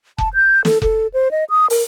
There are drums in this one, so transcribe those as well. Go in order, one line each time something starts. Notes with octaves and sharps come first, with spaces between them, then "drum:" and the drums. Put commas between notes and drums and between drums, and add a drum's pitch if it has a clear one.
A5, drum: kick F1
G6
A4, drum: snare
A4, drum: kick F1
C5
D#5
D#6
A#4, drum: open hi-hat